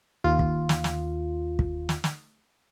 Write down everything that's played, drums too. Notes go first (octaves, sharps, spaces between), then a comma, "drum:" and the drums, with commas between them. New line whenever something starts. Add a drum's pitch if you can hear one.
D#2 F4
drum: kick
drum: snare
drum: snare
drum: kick
drum: snare
drum: snare